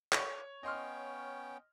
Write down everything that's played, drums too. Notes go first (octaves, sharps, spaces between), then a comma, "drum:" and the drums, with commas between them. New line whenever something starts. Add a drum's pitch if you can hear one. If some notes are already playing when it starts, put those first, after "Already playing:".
C#5, drum: clap
B3 C#4 D#5 G5 C6 F6